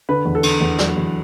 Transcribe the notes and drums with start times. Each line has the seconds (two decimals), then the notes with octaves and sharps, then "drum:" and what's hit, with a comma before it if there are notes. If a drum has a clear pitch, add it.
0.09 D3 B4
0.25 E2
0.35 A4
0.43 D3, drum: cymbal
0.61 E2
0.78 F#3, drum: snare
0.97 E2